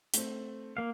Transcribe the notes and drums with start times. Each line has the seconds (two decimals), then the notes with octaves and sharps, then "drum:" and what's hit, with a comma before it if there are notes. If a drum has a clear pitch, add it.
0.14 A3 C4, drum: hi-hat
0.77 A#3 F5